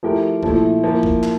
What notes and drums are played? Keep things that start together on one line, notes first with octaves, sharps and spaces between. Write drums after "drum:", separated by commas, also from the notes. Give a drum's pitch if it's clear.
F3 A3 E4 G4 A#4
A#2 F3 A3 E4, drum: kick
F3 A#3 E4 A#4
drum: kick
drum: clap